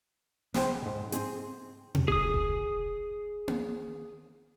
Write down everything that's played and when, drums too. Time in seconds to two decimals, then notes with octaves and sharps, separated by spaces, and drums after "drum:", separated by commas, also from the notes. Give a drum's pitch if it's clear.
0.54 C#2 B3 G#4 C5 G5 C6, drum: snare
0.82 G#2 B2
1.12 C4 G#4, drum: hi-hat
1.95 drum: tom B2
2.08 G#4 D#6, drum: kick E1
2.34 drum: kick E1
3.48 drum: tom A#3